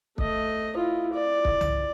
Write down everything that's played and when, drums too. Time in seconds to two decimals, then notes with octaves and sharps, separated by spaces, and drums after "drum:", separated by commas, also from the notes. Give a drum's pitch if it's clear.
0.18 A3 D#5, drum: kick
0.76 E4 F4
1.13 D5
1.45 drum: kick
1.61 drum: tom C2